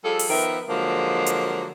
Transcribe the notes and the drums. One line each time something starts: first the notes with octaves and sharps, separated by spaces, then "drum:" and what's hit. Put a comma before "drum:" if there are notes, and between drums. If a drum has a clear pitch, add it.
F3 G3 G#4 A4
drum: open hi-hat
D#3 F3 B3 A#4 E5
D3 F3 F#3 G#3 A#3
drum: hi-hat